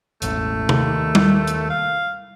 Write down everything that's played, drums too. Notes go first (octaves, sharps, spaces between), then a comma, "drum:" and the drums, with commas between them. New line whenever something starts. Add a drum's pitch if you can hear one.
E1 A1 A3, drum: hi-hat
D#2, drum: tom C3
drum: tom G3
drum: hi-hat
F5